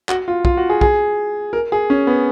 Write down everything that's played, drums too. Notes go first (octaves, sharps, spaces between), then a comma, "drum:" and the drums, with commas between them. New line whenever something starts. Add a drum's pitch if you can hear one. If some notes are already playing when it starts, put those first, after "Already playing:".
F#4, drum: clap
F4
F4, drum: kick
F#4
G#4
G#4, drum: kick
A#4
G#4
C#4
B3